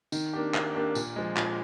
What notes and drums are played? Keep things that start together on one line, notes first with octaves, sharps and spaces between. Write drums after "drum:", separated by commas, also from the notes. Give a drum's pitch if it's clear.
D#3, drum: tambourine
A#3 D4 G4
D#3, drum: clap
A#3 D4 G4
A#2, drum: tambourine
F3 G#3
A#2, drum: clap